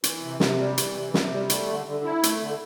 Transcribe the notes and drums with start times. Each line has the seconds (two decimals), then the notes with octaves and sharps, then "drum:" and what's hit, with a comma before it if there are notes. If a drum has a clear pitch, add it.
0.04 E3, drum: hi-hat
0.23 C3
0.40 C3, drum: snare
0.58 G3
0.78 E3, drum: hi-hat
0.95 C3
1.14 C3, drum: snare
1.32 G3
1.50 A3, drum: hi-hat
1.68 D3
1.86 D3
2.04 E4
2.23 A3, drum: hi-hat
2.41 D3